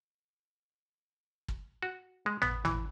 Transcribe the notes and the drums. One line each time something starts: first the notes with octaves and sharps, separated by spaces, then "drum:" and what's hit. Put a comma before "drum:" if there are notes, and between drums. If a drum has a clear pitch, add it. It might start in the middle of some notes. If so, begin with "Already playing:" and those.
drum: kick
F#4
G#3
B3, drum: tom
E3, drum: tom